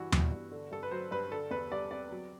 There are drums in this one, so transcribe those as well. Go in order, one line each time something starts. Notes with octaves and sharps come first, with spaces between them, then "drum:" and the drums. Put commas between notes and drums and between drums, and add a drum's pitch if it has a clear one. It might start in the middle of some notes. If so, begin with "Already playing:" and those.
Already playing: G2 E3 E4 F#4
B3, drum: tom D#2
G2
D3
G2 A4
B4
F#3 C5
G2 B4
D3 A4
E2 B4
G3 D5
C4 D5
F#3